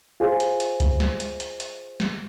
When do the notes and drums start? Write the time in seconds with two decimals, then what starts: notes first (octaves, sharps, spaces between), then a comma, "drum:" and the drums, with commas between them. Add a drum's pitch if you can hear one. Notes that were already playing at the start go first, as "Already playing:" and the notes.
0.20 F4 G#4 C5
0.40 drum: hi-hat
0.60 drum: hi-hat
0.80 drum: kick C#2, hi-hat
1.00 drum: snare
1.20 drum: hi-hat
1.40 drum: hi-hat
1.60 drum: hi-hat
2.00 drum: snare